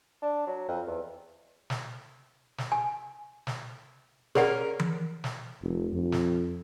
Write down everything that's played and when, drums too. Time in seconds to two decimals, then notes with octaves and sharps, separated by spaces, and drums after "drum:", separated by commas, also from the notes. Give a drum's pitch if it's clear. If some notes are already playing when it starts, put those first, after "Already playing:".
0.22 D4
0.47 F#3
0.69 F2
0.86 E2
1.70 drum: snare
2.58 drum: snare
2.72 G#5
3.47 drum: snare
4.35 C#4 G#4 A#4 D5 F#5, drum: snare
4.80 drum: tom E3
5.24 drum: snare
5.62 F1
5.93 F2
6.12 drum: snare